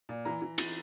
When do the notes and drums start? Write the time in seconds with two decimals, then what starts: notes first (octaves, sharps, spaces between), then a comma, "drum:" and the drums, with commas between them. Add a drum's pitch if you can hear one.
0.09 A#2
0.25 E3 A#5
0.42 E3
0.58 E3, drum: cymbal